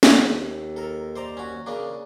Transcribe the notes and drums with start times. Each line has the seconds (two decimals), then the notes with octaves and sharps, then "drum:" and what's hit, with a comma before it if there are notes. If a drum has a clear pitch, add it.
0.03 drum: snare
0.17 D#2
0.77 A4 A#4
1.16 C5 D5 A#5
1.37 C#4 F#4
1.66 C#3 A#3 D4